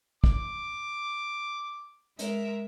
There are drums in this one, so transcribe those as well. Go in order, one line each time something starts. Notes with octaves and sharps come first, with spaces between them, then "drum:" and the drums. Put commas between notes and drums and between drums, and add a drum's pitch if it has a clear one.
D6, drum: kick
G#3 A#4 E5, drum: hi-hat